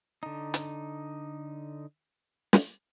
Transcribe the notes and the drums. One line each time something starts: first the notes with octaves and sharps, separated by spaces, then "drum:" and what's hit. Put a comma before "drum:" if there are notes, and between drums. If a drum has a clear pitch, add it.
D3 D#4
drum: hi-hat
drum: snare